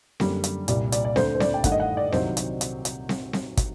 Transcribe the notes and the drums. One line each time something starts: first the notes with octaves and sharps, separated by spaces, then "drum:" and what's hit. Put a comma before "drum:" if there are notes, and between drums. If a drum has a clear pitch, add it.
F#2 D3 G3 A#3, drum: snare C4
drum: hi-hat
C2 A#2 G3 A#3 D5, drum: hi-hat
D5, drum: hi-hat
D5
D2 D3 A3 C5, drum: snare C4
C5
D5, drum: snare C4
G5
G2 D#3 A3 F#5, drum: kick, hi-hat
D#5
F#5
D5
C2 C3 D#3 F#3 C5, drum: snare C4
drum: hi-hat
drum: hi-hat
drum: hi-hat
drum: snare C4
drum: snare C4
drum: kick, hi-hat